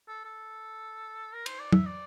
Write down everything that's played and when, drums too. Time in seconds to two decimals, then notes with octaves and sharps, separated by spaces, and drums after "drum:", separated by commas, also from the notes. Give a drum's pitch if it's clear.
0.08 A4
0.25 A4
1.33 A#4
1.46 C5, drum: cymbal
1.59 D5
1.73 E5, drum: tom
1.86 D5